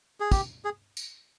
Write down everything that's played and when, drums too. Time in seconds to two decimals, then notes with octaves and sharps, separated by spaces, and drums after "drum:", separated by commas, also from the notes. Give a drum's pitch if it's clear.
0.20 G#4
0.32 G4, drum: kick, tambourine
0.64 G#4
0.97 drum: tambourine